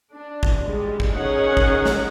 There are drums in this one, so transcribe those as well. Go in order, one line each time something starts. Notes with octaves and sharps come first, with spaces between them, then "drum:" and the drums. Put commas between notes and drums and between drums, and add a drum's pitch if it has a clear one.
D4
drum: kick
G3 G#3
drum: kick
C#4 D#4 G#4 A#4 C#5 F#5
drum: kick
drum: snare